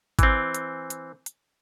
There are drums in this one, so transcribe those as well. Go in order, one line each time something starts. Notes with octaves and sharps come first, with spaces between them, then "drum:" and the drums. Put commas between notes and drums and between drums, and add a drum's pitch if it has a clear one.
E3 C4, drum: kick G#1, hi-hat
drum: hi-hat
drum: hi-hat
drum: hi-hat